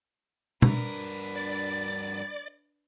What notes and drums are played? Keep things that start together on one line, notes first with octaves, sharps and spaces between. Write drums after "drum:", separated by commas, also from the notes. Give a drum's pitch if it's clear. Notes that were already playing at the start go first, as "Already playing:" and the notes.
G2 D4 A#4 B4, drum: tom B2
D5 A6